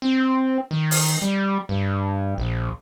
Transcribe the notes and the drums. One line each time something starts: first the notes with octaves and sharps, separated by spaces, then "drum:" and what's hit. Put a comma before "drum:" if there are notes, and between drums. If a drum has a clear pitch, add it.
C4
D#3
drum: open hi-hat
G3
G2
A#1